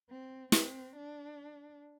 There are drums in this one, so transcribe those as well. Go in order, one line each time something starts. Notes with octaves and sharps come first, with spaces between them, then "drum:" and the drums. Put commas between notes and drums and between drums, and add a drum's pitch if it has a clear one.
C4
C4, drum: snare
D4